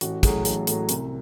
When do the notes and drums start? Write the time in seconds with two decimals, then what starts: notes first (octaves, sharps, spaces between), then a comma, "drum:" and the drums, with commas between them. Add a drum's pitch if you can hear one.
0.01 A1 F#4, drum: hi-hat
0.23 A2 F#3 G#4, drum: kick, hi-hat
0.45 A1 A4, drum: hi-hat
0.67 A2 F#3, drum: hi-hat
0.89 C2, drum: hi-hat